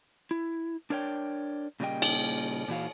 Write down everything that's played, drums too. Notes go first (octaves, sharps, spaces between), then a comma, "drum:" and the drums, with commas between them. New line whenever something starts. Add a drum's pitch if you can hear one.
E4
D4 A#4 C#5 D5 G5
A#2 C#3 G3 A#3 D#5 G5
drum: cymbal
A#2 E3 F#4 F5